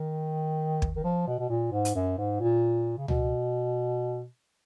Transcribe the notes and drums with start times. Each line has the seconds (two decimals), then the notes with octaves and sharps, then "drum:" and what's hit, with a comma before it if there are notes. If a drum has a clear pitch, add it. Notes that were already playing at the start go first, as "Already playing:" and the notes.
Already playing: D#3
0.82 drum: kick
0.96 D#3
1.04 F3
1.27 B2
1.39 B2
1.49 A#2
1.72 G#2
1.85 drum: hi-hat
1.95 F#2
2.18 G#2
2.40 A#2
2.98 C#3
3.08 B2, drum: tom C#2